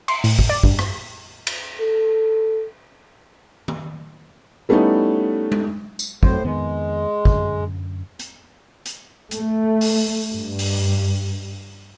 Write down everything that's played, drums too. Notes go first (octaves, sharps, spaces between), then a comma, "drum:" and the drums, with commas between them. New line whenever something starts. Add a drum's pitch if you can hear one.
C6, drum: cymbal
A2, drum: open hi-hat
drum: kick
D5
G2, drum: kick
drum: rim click
drum: cymbal
A4
drum: tom D#3
G3 A3 B3 C#4 D#4 E4
drum: tom G#3
drum: tambourine
A2 F#3 C4 C5, drum: kick
F2 D#3 G#3 B3
F#2 D3, drum: kick
drum: hi-hat
drum: hi-hat
A3, drum: hi-hat
drum: open hi-hat
G2
drum: open hi-hat